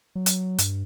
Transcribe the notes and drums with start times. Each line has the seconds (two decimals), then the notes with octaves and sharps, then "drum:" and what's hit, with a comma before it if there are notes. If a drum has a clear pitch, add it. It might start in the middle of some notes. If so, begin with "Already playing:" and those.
0.15 F#3
0.26 drum: hi-hat
0.58 G2, drum: hi-hat